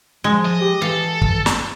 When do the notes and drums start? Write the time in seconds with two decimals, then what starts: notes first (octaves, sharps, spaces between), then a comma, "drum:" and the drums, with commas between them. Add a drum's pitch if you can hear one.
0.24 F3 G#3
0.46 D#5
0.61 G4
0.82 E3 A4 F5
1.22 drum: kick
1.46 drum: snare